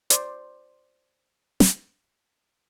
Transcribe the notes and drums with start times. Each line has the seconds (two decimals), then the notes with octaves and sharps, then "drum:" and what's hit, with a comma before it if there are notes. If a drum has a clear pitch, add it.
0.10 C5 D5, drum: hi-hat
1.60 drum: snare